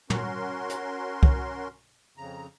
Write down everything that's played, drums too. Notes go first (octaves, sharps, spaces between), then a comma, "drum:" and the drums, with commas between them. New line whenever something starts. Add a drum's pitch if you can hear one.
C#4 F#4 A#4 C6, drum: tom
drum: hi-hat
drum: kick C2
F2 C#3 A#5